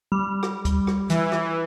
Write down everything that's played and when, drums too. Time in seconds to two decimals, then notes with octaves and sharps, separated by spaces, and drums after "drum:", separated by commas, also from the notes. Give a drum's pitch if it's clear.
0.12 G3
0.43 drum: rim click
0.65 drum: kick, hi-hat
0.87 drum: rim click
1.10 E3 E4, drum: hi-hat
1.32 drum: rim click